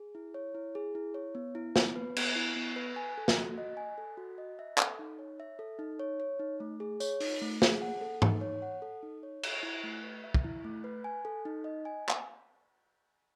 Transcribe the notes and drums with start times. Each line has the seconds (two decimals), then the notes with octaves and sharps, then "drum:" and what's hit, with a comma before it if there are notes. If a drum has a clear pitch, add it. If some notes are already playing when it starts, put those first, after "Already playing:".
Already playing: G#4
0.15 E4
0.34 C#5
0.55 E4
0.75 G#4
0.95 E4
1.14 C#5
1.35 B3
1.55 E4
1.76 B3, drum: snare
1.96 B4
2.17 B3, drum: cymbal
2.36 E4
2.56 B3
2.76 B4
2.96 G#5
3.18 A4
3.28 drum: snare
3.38 F#4
3.58 D#5
3.77 G#5
3.98 A4
4.17 F#4
4.38 D#5
4.59 E5
4.78 A4, drum: clap
4.99 D#4
5.19 C#5
5.40 E5
5.59 A4
5.79 D#4
6.00 C#5
6.20 C#5
6.39 D#4
6.60 A3
6.80 G#4
7.00 C#5, drum: tambourine
7.20 D#4, drum: open hi-hat
7.41 A3
7.62 G#4, drum: snare
7.82 F#5
8.01 A4
8.22 D#4, drum: tom G#2
8.41 C#5
8.62 F#5
8.82 A4
9.03 D#4
9.23 C#5
9.43 E5, drum: cymbal
9.63 E4
9.83 A3
10.03 B4
10.24 E5
10.34 drum: kick
10.44 E4
10.64 A3
10.84 B4
11.04 G#5
11.25 A4
11.45 D#4
11.64 D#5
11.85 G#5
12.09 drum: clap